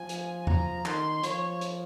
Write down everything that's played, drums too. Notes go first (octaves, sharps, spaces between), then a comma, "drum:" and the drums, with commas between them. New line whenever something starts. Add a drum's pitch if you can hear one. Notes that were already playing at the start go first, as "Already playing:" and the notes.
Already playing: F3 G#5
drum: hi-hat
A#5, drum: tom E2
D#3 C6, drum: clap
F3 C#5, drum: hi-hat
drum: hi-hat